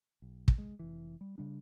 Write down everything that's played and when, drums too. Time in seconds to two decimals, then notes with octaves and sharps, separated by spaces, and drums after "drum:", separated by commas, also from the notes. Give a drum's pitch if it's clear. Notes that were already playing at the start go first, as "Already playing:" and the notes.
0.22 B1
0.48 drum: kick
0.58 G#3
0.79 F1 E3
1.21 G3
1.38 C#3 G3 D4